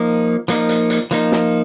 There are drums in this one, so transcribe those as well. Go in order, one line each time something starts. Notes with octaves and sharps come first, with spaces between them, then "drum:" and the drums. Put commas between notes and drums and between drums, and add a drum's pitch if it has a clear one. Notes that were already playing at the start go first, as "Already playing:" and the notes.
Already playing: F3 A#3 D#4
F3 A#3 D#4, drum: hi-hat
drum: hi-hat
drum: hi-hat
F3 A#3 D#4, drum: hi-hat
drum: snare